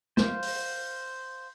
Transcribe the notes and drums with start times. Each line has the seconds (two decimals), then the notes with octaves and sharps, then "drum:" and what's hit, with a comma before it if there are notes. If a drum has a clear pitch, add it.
0.17 C5 F5, drum: snare
0.42 drum: open hi-hat